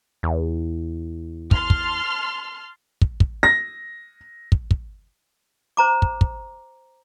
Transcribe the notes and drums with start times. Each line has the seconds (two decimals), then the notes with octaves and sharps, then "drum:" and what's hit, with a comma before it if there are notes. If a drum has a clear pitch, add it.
0.23 E2
1.51 A5 C6 F6, drum: kick
1.70 drum: kick
3.02 drum: kick
3.20 drum: kick
3.43 A#6
4.52 drum: kick
4.71 drum: kick
5.77 C5 A#5 D6
6.02 drum: kick
6.21 drum: kick